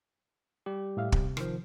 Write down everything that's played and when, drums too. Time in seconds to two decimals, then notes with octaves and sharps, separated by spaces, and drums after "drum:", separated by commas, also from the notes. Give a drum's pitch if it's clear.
0.66 G3 G4
0.97 A2 E5 F5
1.12 C3, drum: kick
1.37 D#3 F3, drum: rim click